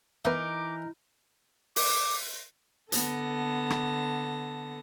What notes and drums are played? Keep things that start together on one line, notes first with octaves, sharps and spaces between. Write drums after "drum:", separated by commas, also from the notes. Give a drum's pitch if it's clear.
E3 B3 D#4 A#4 E5 D6
D6, drum: open hi-hat
D3 B3 A4 A5 A#6, drum: hi-hat
drum: rim click